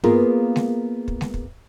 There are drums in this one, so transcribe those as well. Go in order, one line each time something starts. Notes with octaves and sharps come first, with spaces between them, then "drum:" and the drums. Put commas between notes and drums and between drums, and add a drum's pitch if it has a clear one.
A#3 B3 F4 G#4 A#4, drum: tom G2
drum: snare G#3
drum: kick
drum: snare G#3
drum: kick